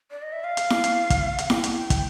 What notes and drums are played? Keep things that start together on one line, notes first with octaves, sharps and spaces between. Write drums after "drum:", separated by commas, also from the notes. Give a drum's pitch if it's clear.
D5
D#5
E5
F5
drum: hi-hat
drum: snare E4
drum: hi-hat
drum: kick, hi-hat
F#5, drum: hi-hat
G5, drum: snare E4
drum: hi-hat
drum: kick, hi-hat